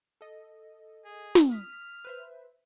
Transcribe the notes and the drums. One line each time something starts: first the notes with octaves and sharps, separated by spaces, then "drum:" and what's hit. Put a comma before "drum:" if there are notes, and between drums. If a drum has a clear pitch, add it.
A4 D#5
G#4
drum: snare
D#6 F6 B6
B4 C5 E5